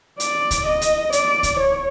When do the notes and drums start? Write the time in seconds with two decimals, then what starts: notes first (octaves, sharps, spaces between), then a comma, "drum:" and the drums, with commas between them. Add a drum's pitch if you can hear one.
0.20 D5, drum: hi-hat
0.51 drum: kick C#2, hi-hat
0.66 D#5
0.81 drum: hi-hat
1.12 D5, drum: hi-hat
1.43 drum: kick C#2, hi-hat
1.59 C#5